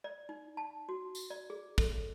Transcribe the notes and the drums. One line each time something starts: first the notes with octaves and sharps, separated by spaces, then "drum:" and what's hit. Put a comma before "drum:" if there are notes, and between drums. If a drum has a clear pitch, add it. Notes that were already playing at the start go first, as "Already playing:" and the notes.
D5
D#4
A5
F#4
drum: tambourine
D5
G#4
A4, drum: kick, tambourine